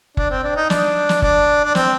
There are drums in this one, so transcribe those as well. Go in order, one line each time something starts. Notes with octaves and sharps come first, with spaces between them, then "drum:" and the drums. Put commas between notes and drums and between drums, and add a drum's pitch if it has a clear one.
D4, drum: kick F#1
C4
D4
D#4
D4, drum: snare
drum: snare
D4, drum: kick F#1
D4
C4, drum: snare